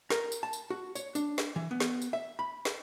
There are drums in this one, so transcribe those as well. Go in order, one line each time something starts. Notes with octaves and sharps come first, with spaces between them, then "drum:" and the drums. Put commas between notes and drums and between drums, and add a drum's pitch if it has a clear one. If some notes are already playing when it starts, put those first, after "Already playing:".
A#4, drum: snare
drum: tambourine
A5
drum: tambourine
F#4
C#5, drum: tambourine
D4, drum: tambourine
drum: snare
E3
B3
drum: snare
drum: tambourine
E5
B5
drum: snare